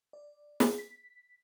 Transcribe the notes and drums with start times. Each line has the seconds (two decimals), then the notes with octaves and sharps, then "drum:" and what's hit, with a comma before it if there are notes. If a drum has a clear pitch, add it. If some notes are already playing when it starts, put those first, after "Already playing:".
0.13 D5
0.60 G#4, drum: snare
0.78 B6